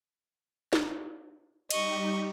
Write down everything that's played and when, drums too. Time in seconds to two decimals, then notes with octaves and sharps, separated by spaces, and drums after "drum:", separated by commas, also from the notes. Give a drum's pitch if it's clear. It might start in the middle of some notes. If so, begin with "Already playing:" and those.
0.73 drum: snare
1.70 G3 D#4 G4 D#5 C#6, drum: cymbal